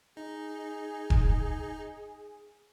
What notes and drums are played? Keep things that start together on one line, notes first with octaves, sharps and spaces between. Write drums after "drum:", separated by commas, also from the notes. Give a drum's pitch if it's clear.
D#4 G#4
drum: kick E1